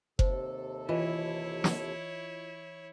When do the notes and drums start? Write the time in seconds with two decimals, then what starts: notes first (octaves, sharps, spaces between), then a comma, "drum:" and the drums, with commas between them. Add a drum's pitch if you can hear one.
0.19 D#2 C3 A4 C5, drum: kick F#1
0.89 E3 E4 F4 C#5 D#5
1.64 drum: snare